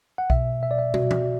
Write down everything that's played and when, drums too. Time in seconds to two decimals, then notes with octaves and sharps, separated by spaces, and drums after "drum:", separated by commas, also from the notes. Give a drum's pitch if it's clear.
0.18 F#5
0.30 B2 E5, drum: kick B1
0.63 E5
0.71 D5
0.79 E5
0.94 F#4, drum: tom
1.11 drum: tom